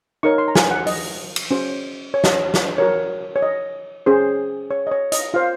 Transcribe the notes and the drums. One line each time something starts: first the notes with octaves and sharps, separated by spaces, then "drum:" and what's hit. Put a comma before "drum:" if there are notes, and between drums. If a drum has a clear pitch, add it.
D#4 A#4 C#5 C#6
C6
A#5
G#5, drum: snare
F#5
D#5, drum: open hi-hat
drum: cymbal
C#4 F#4 C5
C#5
D#5, drum: snare
C#5
drum: snare
F#4 A#4 C#5
C#5
D#5
C#4 G#4 C5
C#5
D#5
C#5
D#5, drum: hi-hat
F4 C5 F5